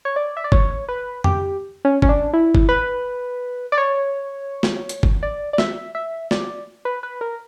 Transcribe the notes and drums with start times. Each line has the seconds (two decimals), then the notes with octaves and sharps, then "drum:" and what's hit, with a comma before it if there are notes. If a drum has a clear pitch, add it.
0.05 C#5
0.16 D5
0.37 E5
0.44 D5
0.52 C#5, drum: kick
0.89 B4
1.24 G4, drum: tom F2
1.85 C#4
2.02 C#4, drum: kick
2.09 D4
2.33 E4
2.55 drum: kick
2.69 B4
3.72 D5
3.78 C#5
4.63 drum: snare
4.89 drum: hi-hat
5.03 drum: kick
5.23 D5
5.53 D5
5.58 E5, drum: snare
5.95 E5
6.31 D5, drum: snare
6.85 B4
7.03 B4
7.21 A#4